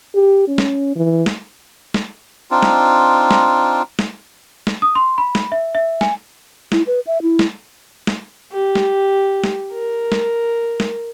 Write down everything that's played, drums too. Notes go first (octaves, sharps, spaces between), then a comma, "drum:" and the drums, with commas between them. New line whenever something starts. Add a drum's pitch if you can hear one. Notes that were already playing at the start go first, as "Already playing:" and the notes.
G4
C#4
drum: snare
E3
drum: snare
drum: snare
C4 D4 D#4 F4
drum: snare
drum: snare
drum: snare
drum: snare
D#6
C6
B5
drum: snare
E5
E5
G#5, drum: snare
E4, drum: snare
B4
E5
E4
drum: snare
drum: snare
G4
drum: snare
drum: snare
A#4
drum: snare
drum: snare